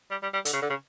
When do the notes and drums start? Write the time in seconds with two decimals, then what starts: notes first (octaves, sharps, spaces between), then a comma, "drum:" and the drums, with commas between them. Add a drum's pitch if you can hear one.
0.11 G3
0.23 G3
0.34 G3
0.45 D3, drum: hi-hat
0.53 C#3
0.62 D3
0.70 C#3